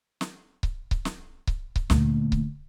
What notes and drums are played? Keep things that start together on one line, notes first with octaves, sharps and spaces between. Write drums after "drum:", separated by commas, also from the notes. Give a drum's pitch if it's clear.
drum: snare
drum: kick C#1
drum: kick C#1
drum: snare
drum: kick C#1
drum: kick C#1
D2 A#2, drum: snare
drum: kick C#1